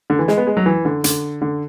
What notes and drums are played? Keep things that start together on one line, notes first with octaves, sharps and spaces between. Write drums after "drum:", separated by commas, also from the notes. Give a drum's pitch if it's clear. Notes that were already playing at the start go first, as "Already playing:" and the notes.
D3
E3
G#3, drum: snare
B3
G#3
F#3
E3
D3
D3, drum: hi-hat
D3